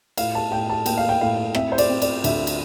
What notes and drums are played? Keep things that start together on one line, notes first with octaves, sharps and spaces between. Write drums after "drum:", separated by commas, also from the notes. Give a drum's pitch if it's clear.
A2 F5, drum: cymbal
A5
A2 G5
A5
A#3 G5, drum: cymbal
F5
G5
A2 F5
C4 E5, drum: rim click
C5
D5, drum: cymbal
C4
D5, drum: cymbal
D2 E5, drum: cymbal
drum: cymbal